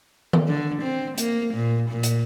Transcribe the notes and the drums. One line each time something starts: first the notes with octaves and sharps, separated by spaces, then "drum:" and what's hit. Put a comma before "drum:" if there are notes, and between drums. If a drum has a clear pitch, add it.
drum: tom D#3
D3
C4
A#3, drum: hi-hat
A#2
A#2
drum: hi-hat